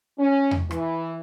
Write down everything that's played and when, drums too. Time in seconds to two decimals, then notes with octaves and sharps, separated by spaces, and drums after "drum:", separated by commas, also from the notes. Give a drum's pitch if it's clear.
0.19 C#4
0.51 drum: tom E2
0.71 E3, drum: rim click